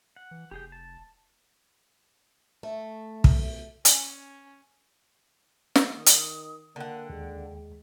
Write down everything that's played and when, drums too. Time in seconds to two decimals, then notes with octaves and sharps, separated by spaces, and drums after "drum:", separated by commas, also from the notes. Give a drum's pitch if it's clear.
0.16 F#5
0.31 E3
0.51 F1 G4 G#4 G5
0.72 A5
2.63 A3
3.24 drum: kick
3.85 C#4 G#5, drum: hi-hat
5.76 drum: snare
5.96 D#3 D#6
6.06 drum: hi-hat
6.76 D3 A#3 F#5 G5
7.10 D#2 G#3